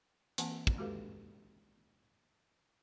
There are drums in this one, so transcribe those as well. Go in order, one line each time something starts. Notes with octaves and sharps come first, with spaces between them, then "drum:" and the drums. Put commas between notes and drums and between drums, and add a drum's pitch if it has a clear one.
E3 A#3 C4 F#5 G#5 A5, drum: hi-hat
drum: kick
G#3 F#4 G4 A4 B4 F5